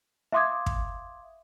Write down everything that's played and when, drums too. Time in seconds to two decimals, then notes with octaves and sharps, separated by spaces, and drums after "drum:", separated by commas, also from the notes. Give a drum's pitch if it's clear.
0.32 E5 F5 C6 D6 D#6 G#6
0.66 drum: kick